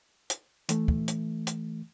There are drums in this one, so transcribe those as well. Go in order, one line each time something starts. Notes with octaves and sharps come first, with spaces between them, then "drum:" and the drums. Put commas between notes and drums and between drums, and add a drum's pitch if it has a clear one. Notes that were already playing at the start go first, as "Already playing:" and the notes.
drum: hi-hat
E3 A3, drum: hi-hat
drum: kick
drum: hi-hat
drum: hi-hat